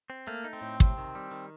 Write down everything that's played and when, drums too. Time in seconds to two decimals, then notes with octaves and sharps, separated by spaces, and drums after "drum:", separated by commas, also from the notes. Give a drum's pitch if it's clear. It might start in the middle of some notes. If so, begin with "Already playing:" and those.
0.10 C4
0.27 A3 A#3
0.44 D#4
0.53 C4
0.62 A2
0.80 C3, drum: kick
0.98 D#3
1.15 G3
1.31 D#3